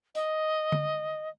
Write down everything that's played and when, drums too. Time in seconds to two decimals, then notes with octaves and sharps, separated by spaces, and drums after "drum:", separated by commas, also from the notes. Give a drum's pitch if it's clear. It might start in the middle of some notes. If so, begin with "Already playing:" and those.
0.15 D#5, drum: hi-hat
0.72 drum: tom D3